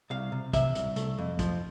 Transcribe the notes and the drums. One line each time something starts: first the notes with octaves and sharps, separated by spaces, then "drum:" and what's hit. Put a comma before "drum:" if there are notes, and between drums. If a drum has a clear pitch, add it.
C2 F5
C3
C3 E5, drum: kick, hi-hat
C2, drum: hi-hat
A3, drum: hi-hat
F2
F3, drum: kick, hi-hat